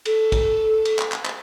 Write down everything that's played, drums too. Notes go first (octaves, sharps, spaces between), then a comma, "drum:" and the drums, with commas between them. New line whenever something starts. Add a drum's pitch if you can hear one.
A4, drum: cymbal
drum: kick, cymbal
drum: cymbal
drum: clap
drum: clap
drum: clap